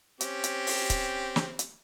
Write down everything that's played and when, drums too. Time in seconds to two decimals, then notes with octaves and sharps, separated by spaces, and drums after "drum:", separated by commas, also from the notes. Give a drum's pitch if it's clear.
0.21 C4 C#4 G4, drum: hi-hat
0.44 drum: hi-hat
0.67 drum: open hi-hat
0.90 drum: kick C#1, hi-hat
1.36 drum: snare
1.59 drum: hi-hat